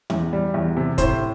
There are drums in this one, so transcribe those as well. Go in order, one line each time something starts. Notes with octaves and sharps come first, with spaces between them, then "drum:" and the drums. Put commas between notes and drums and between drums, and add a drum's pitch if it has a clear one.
E2, drum: snare
G3
E2
C3
A2 C5, drum: kick, hi-hat